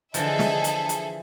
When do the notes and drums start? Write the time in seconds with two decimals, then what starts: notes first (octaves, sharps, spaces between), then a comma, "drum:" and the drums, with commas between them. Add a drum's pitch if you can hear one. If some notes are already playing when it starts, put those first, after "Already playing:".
0.14 D3 E3 F3 G#4 A4 D#5 E5 A5, drum: hi-hat
0.39 drum: snare
0.64 drum: hi-hat
0.89 drum: hi-hat